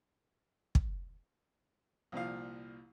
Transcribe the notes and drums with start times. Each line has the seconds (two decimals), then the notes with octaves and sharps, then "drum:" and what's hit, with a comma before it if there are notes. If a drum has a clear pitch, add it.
0.75 drum: kick
2.12 C2 A#2 F3 F5